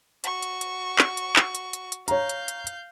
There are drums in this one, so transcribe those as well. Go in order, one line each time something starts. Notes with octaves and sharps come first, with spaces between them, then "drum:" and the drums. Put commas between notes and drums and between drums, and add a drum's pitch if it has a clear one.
F#4 C#6, drum: hi-hat
drum: hi-hat
drum: hi-hat
drum: clap
drum: hi-hat
drum: clap
drum: hi-hat
drum: hi-hat
drum: hi-hat
C#5 F5 A#5 G6, drum: hi-hat
drum: hi-hat
drum: hi-hat
drum: hi-hat